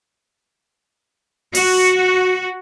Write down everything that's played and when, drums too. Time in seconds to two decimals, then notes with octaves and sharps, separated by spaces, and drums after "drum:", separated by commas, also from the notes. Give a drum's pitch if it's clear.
1.55 F#4, drum: open hi-hat